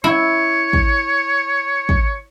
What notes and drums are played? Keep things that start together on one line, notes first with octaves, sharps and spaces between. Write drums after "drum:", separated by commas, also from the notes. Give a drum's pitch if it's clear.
E4 C#5
drum: kick
drum: kick